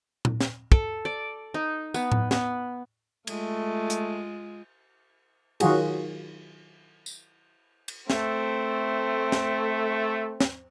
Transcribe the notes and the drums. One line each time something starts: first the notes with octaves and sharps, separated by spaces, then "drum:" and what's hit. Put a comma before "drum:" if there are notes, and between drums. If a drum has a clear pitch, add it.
drum: tom A#2
drum: snare
A4, drum: kick
D5
D#4
B3, drum: tambourine
drum: tom A2
B3, drum: snare
G#3 A3 F4, drum: cymbal
drum: hi-hat
D#3 F#3 F4 F#4 G#4, drum: cymbal
drum: tambourine
drum: cymbal
A3 C4, drum: snare
drum: snare
drum: snare